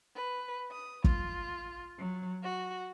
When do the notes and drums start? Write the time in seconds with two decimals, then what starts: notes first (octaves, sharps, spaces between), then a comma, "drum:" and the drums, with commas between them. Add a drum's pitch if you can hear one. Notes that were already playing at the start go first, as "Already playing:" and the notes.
0.15 B4
0.70 D#6
1.04 F4, drum: kick
1.97 F#3
2.42 F#4